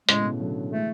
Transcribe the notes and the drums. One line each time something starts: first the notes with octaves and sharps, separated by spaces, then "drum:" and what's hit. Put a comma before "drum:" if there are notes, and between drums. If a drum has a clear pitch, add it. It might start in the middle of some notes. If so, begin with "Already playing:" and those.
A2 C#3 G#3, drum: hi-hat
B2
D3 F#3
E3 G#3 A3